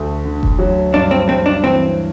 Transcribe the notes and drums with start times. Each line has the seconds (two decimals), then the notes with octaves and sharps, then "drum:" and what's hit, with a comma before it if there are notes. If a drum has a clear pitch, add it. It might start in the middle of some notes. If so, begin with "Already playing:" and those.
Already playing: D2 A3
0.25 D3
0.43 drum: kick F1
0.59 F#3
0.93 G2 D4
1.11 C4
1.28 G2 C4
1.46 D4
1.63 E3 C4